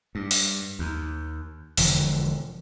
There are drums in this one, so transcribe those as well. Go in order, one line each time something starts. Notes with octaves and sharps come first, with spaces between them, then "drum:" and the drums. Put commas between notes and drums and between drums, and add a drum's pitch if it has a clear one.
G2
drum: open hi-hat
D#2
E1 D3 F3, drum: open hi-hat